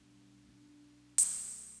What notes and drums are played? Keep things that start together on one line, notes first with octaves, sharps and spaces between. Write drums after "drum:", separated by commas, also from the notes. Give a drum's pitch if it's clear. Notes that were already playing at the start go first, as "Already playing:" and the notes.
Already playing: B1 B2 G3 D4
B1 B2 G3 D4
B1 B2 F#3 A3, drum: hi-hat